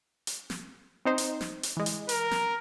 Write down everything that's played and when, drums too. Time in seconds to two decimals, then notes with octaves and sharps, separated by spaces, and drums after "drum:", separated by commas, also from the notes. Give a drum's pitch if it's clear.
0.27 drum: hi-hat
0.50 drum: snare
1.05 C4 D#4 C5
1.18 drum: hi-hat
1.41 drum: snare
1.63 drum: hi-hat
1.77 E3 G#3
1.86 drum: hi-hat
2.09 A#4, drum: hi-hat
2.31 drum: snare